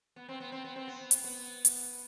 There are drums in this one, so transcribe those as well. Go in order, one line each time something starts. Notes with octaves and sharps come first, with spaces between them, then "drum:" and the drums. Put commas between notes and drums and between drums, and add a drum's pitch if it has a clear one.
B3
C4
B3
C4
B3
C4
B3
drum: hi-hat
B3
drum: hi-hat